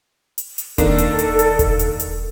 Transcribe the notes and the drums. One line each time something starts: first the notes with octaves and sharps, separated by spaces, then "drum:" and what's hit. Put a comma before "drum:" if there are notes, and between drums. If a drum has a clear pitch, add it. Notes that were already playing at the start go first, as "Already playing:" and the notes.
drum: hi-hat
drum: hi-hat
D#3 A#3 D4 A4, drum: kick E1, hi-hat
drum: hi-hat
drum: hi-hat
drum: hi-hat
drum: kick E1, hi-hat
drum: hi-hat
drum: hi-hat